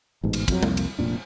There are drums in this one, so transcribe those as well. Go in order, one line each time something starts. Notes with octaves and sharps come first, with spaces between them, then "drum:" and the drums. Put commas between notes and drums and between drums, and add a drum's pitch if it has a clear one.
A1 G#2 B2
drum: cymbal
F2 F#3, drum: kick, cymbal
C2 F2 C3 A#3, drum: tom G3
drum: cymbal
F1 C2 A#2 D4